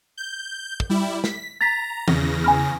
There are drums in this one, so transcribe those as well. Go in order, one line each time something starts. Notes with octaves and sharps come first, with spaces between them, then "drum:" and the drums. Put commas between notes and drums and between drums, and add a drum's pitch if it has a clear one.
G6
drum: kick
G3 E4
B6, drum: snare
A#5 A6 B6
E2 C#3 A#6, drum: tom D#3
G#5 B5 F6